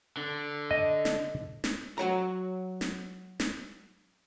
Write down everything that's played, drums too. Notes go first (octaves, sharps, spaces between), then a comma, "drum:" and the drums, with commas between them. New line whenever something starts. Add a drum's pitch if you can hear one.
D3
D#5
drum: snare
drum: snare
F#3 F#4 C#5 A#5
drum: snare
drum: snare